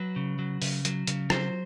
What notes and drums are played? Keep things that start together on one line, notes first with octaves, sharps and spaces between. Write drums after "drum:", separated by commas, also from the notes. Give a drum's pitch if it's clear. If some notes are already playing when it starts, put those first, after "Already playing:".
Already playing: F#3 B4
C#3
F#3
C#3, drum: open hi-hat
F#3, drum: hi-hat
C#3, drum: hi-hat
F#3 C5, drum: rim click